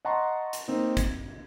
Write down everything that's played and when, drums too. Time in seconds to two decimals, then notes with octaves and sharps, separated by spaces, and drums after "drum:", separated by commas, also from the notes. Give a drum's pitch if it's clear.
0.05 D#5 F#5 A5 A#5 C6 C#6
0.53 drum: hi-hat
0.68 A#3 C4 D#4
0.97 G#6, drum: kick, hi-hat